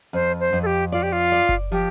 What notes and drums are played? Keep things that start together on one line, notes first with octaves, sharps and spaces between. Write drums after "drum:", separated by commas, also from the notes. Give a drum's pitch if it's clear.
F2 C5
C5
F2
A4
G4
F4 D5
G4
F4
D5
drum: kick F#1
F3 G4